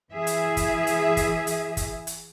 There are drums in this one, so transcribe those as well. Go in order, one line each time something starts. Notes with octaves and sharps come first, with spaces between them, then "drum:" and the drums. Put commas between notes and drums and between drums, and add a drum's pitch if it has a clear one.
E3 G#4 E5
drum: hi-hat
drum: kick, hi-hat
drum: hi-hat
drum: kick, hi-hat
drum: hi-hat
drum: kick, hi-hat
drum: hi-hat